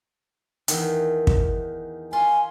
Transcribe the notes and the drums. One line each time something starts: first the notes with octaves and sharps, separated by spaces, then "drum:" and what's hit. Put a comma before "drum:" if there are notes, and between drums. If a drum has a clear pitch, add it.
E2 D#3, drum: hi-hat
drum: kick
F4 G#5 C6